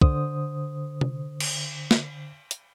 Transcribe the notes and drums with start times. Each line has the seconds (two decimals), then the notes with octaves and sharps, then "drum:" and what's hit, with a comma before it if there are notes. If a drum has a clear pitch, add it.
0.01 D3 C5 D#6, drum: kick
1.01 drum: tom C3
1.40 drum: cymbal
1.91 drum: snare
2.51 drum: hi-hat